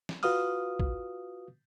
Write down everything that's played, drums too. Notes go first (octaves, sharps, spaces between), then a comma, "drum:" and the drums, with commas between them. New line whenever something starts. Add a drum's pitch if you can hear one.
drum: snare
F4 F#4 B4 F5 D#6 F6, drum: open hi-hat
drum: kick